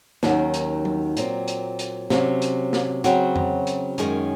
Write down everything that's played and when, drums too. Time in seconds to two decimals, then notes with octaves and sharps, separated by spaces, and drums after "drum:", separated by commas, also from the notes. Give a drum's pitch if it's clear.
0.23 D#2 D#3 F#3 C#4 F#4, drum: snare
0.54 drum: hi-hat
0.85 drum: tom F#3
1.17 A#2 F#3 C4, drum: hi-hat
1.48 drum: hi-hat
1.79 drum: hi-hat
2.10 C3 F#3 C#4, drum: snare
2.42 drum: hi-hat
2.73 drum: snare
3.04 C#3 F#3 C4 F#4, drum: hi-hat
3.36 drum: tom F2
3.67 drum: hi-hat
3.98 F#2 D#3 G#3 C#4 G#4, drum: hi-hat